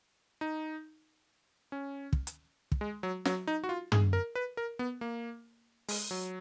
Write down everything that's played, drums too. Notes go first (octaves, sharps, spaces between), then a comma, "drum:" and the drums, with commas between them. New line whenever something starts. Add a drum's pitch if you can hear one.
D#4
C#4
drum: kick
drum: hi-hat
drum: kick
G#3
F#3
F#3, drum: snare
D#4
F#4
F4
G#4, drum: tom
A#4
B4
A#4
B3
A#3
G#3, drum: open hi-hat
F#3